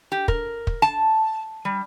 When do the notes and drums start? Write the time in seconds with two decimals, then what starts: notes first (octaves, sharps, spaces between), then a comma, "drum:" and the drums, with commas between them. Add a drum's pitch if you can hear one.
0.12 G4
0.28 A#4, drum: kick
0.67 drum: kick
0.82 A5
1.65 G3